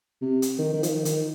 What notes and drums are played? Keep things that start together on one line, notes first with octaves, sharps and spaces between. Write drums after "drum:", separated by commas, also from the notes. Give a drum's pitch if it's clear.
C3
drum: hi-hat
D#3
D#3
F3, drum: hi-hat
D#3
D#3, drum: hi-hat